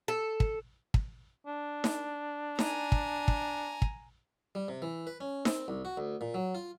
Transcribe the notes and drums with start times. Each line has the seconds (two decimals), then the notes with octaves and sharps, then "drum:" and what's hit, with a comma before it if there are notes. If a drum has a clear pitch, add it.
0.08 A4
0.40 drum: kick
0.94 drum: kick
1.46 D4
1.84 drum: snare D#4
2.59 G#5 A#5, drum: snare D#4
2.92 drum: kick
3.28 drum: kick
3.82 drum: kick
4.55 G3
4.68 C3
4.82 E3
5.07 B4
5.21 C#4
5.45 C4, drum: snare D#4
5.68 C2
5.85 F#4
5.97 D2
6.21 A#2
6.34 F#3
6.55 F4